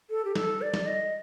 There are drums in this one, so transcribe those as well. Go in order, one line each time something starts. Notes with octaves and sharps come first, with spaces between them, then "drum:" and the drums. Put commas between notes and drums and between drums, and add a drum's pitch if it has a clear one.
A4
G4
A4, drum: snare
D5
drum: snare
D#5